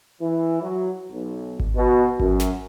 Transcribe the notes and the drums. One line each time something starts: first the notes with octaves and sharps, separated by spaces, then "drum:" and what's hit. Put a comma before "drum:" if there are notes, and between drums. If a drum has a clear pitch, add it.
E3
F#3
B1
drum: kick G#1
B2
F#2, drum: kick G#1
drum: snare